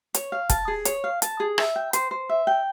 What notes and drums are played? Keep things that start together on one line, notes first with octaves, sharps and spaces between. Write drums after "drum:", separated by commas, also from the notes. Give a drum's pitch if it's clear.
C#5, drum: hi-hat
F5
A5, drum: kick, hi-hat
G#4
C#5, drum: hi-hat
F5
A5, drum: hi-hat
G#4
E5, drum: rim click
G5
C5, drum: hi-hat
C5
E5
G5